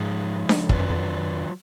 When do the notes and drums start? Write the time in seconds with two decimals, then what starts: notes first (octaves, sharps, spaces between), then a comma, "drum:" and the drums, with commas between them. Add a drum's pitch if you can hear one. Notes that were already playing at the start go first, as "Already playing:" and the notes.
Already playing: G#2 F3 G#3 D#4
0.49 drum: snare D4
0.69 F2 D#3 F#3 D4 F4 B4, drum: kick
0.80 F#2
0.90 F2
1.00 F#2
1.10 F2
1.20 F#2
1.31 F2